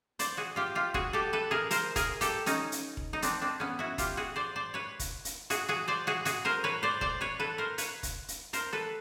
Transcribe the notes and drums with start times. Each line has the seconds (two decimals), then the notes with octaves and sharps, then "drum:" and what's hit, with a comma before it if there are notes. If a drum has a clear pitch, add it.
0.19 C5 D5, drum: hi-hat
0.37 F#4 G#4
0.56 F4 G4
0.75 F4 G4
0.94 F#4 G#4, drum: kick E1
1.13 G4 A4
1.33 A4 B4
1.51 G#4 A#4
1.71 A#4 C5, drum: hi-hat
1.96 G#4 A#4, drum: kick E1, hi-hat
2.21 G4 A4, drum: hi-hat
2.46 C#4 D#4, drum: hi-hat
2.72 drum: hi-hat
2.97 drum: kick E1
3.13 D#4
3.22 C4 D4, drum: hi-hat
3.42 C4 D4
3.60 B3 C#4
3.79 E4 F#4
3.98 F4 G4, drum: kick E1, hi-hat
4.17 F#4 G#4
4.36 C5 D5
4.56 C5 D5
4.74 B4 C#5
5.00 drum: kick E1, hi-hat
5.25 drum: hi-hat
5.50 F#4 G#4, drum: hi-hat
5.69 F#4 G#4
5.88 C5 D5
6.07 F#4 G#4
6.25 F#4 G#4, drum: hi-hat
6.45 A#4 C5
6.64 B4 C#5
6.83 C5 D5
7.01 C5 D5, drum: kick E1
7.21 B4 C#5
7.40 A4 B4
7.58 A#4 C5
7.78 B4 C#5, drum: hi-hat
8.03 drum: kick E1, hi-hat
8.28 drum: hi-hat
8.53 A#4 C5, drum: hi-hat
8.73 A4 B4